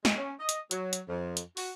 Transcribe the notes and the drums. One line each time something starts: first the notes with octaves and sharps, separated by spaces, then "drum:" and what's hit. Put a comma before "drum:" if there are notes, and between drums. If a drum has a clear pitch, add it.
G#3, drum: snare
C#4
D#5
drum: hi-hat
F#3, drum: hi-hat
drum: hi-hat
F2
drum: hi-hat
F#4, drum: open hi-hat